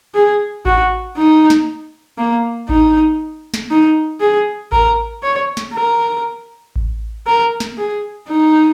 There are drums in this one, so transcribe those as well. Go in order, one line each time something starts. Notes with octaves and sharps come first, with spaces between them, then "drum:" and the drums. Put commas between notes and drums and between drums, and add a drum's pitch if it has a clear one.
G#4
F#4, drum: kick A1
D#4
drum: snare
A#3
D#4, drum: kick A1
drum: snare
D#4
G#4
A#4, drum: kick A1
C#5
drum: snare
A#4
drum: kick A1
A#4
drum: snare
G#4
D#4